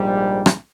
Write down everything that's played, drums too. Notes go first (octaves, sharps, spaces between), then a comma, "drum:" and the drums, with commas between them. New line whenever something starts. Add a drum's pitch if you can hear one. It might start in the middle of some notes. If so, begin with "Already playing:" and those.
Already playing: A#1 G#2 G3
drum: rim click